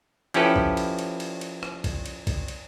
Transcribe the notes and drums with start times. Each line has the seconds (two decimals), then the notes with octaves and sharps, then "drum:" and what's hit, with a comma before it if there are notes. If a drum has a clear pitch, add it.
0.34 F3 C#4 E4 G4 A4 B4, drum: cymbal
0.56 drum: kick A#1
0.77 drum: cymbal
0.99 drum: cymbal
1.20 drum: cymbal
1.41 drum: cymbal
1.63 drum: rim click
1.84 drum: kick A#1, cymbal
2.06 drum: cymbal
2.27 drum: kick A#1, cymbal
2.48 drum: cymbal